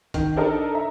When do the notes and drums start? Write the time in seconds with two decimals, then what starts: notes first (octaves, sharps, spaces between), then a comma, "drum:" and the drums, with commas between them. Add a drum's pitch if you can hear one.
0.14 D#3, drum: kick A#1, hi-hat
0.36 D4 D#4 A4 A#4 D#5
0.75 E5 A#5